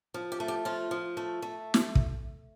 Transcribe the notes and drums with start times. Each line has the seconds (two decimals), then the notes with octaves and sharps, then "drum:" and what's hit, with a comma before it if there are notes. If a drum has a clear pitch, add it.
0.14 F3
0.32 G4
0.40 A3
0.48 G4
0.65 F3 F4
0.91 F3
1.17 A3
1.42 A3
1.74 drum: snare
1.95 drum: kick